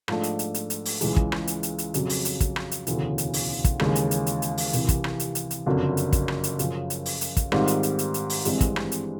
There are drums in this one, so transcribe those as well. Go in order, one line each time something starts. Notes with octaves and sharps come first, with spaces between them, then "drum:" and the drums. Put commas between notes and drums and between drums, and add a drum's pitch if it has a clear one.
G#2 F3 A3 D4, drum: rim click
drum: hi-hat
drum: hi-hat
drum: hi-hat
drum: hi-hat
drum: open hi-hat
C#2 C#3 E3 G#3, drum: hi-hat
drum: kick
drum: rim click
drum: hi-hat
drum: hi-hat
drum: hi-hat
F2 C#3 F#3, drum: hi-hat
drum: open hi-hat
drum: hi-hat
drum: kick, hi-hat
drum: rim click
drum: hi-hat
E1 D2 C#3 E3, drum: hi-hat
drum: hi-hat
drum: open hi-hat
drum: kick, hi-hat
D#2 C#3 E3 G#3, drum: rim click
drum: hi-hat
drum: hi-hat
drum: hi-hat
drum: hi-hat
drum: open hi-hat
C2 C3 E3, drum: hi-hat
drum: kick, hi-hat
drum: rim click
drum: hi-hat
drum: hi-hat
drum: hi-hat
F#1 F2 D3 F#3
drum: hi-hat
drum: kick, hi-hat
drum: rim click
drum: hi-hat
F#2 C#3 F3, drum: hi-hat
drum: hi-hat
drum: open hi-hat
drum: hi-hat
drum: kick, hi-hat
G#2 D#3 G3 C4 F4, drum: rim click
drum: hi-hat
drum: hi-hat
drum: hi-hat
drum: hi-hat
drum: open hi-hat
G#1 G2 E3 G#3 C4, drum: hi-hat
drum: kick, hi-hat
drum: rim click
drum: hi-hat